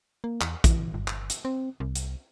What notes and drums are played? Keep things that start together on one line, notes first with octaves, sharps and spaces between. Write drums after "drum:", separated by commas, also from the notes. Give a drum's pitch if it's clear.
A#3
E2, drum: clap
E3, drum: kick A#1, hi-hat
G1
drum: clap
drum: hi-hat
C4
C2
drum: hi-hat